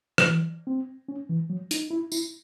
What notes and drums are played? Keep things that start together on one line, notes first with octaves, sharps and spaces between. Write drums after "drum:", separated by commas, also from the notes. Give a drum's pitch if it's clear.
F#3, drum: rim click
E3
C4
C#4
E3
F#3
D#4, drum: hi-hat
E4
E4, drum: tambourine